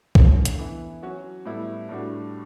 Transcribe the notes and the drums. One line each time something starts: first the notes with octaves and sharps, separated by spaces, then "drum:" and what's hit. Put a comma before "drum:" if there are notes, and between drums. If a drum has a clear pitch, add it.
D3 A3 C#4, drum: kick
drum: hi-hat
E3 B3 E4
F#3 C#4 F#4
A2 G3 B3 E4
A2 G3 D4 F#4